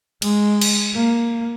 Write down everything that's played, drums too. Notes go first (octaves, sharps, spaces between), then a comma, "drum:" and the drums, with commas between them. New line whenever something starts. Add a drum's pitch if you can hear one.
G#3, drum: cymbal
drum: cymbal
A#3